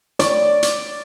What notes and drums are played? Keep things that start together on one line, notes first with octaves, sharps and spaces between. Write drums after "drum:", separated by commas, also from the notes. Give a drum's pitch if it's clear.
D5, drum: hi-hat
drum: hi-hat